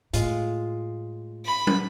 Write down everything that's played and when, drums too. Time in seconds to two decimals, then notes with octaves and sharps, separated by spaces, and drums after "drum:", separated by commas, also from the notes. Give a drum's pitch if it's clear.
0.13 A2 G#3 F4, drum: hi-hat
1.45 B5
1.67 drum: tom